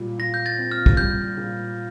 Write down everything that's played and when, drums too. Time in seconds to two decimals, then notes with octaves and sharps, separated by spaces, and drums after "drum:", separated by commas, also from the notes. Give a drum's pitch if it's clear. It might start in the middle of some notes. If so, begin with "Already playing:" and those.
Already playing: A#2 G3
0.19 F4 A#6
0.34 G6
0.46 A6
0.59 C4
0.71 F6
0.86 drum: kick
0.97 G3 G6
1.38 A#2